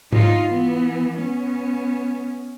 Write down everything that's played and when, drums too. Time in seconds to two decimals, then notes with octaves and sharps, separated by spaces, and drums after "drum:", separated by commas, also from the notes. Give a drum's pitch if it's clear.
0.13 D#4 F4, drum: tom G#2
0.49 E3 B3
1.20 B3 C#4